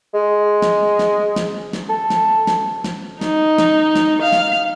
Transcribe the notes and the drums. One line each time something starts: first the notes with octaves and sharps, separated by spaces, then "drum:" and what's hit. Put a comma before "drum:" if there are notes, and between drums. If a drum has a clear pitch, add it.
G#3
drum: snare
drum: snare
drum: snare
drum: snare
A4
drum: snare
drum: snare
drum: snare
D#4, drum: snare
drum: snare
drum: snare
F5
drum: snare